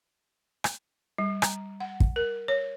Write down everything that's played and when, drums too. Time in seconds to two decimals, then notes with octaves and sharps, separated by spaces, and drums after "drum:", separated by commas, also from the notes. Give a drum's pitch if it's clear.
0.64 drum: rim click
1.18 G3
1.42 A#5, drum: rim click
1.80 F#5
2.00 drum: kick
2.16 A#4
2.48 C#5